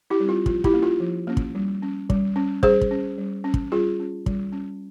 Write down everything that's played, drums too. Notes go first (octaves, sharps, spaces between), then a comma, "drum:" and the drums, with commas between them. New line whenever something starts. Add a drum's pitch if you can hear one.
E4 G4
G3 C4
F4
F3 F4, drum: kick
E4 G4, drum: kick
A#3 C#4
F4
F3
A#3 C#4
drum: kick
G3
C#4
G3, drum: kick
C#4
G3 G#4 C5, drum: kick
drum: kick
C#4
G3
C#4
drum: kick
G3 F4 G#4
C#4
G3, drum: kick
C#4